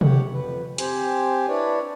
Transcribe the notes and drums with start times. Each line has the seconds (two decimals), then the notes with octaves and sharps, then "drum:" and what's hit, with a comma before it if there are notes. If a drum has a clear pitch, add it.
0.01 G4 C#5 F#5, drum: tom C3
0.33 F2 B4
0.78 C4 G4 C5 G#5, drum: hi-hat
1.48 D4 E4 B4 C#5 D5